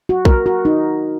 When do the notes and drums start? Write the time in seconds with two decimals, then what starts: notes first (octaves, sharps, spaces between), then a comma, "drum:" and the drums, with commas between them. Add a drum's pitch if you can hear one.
0.09 F#4
0.25 A#4, drum: kick A#1
0.46 F#4
0.65 D#4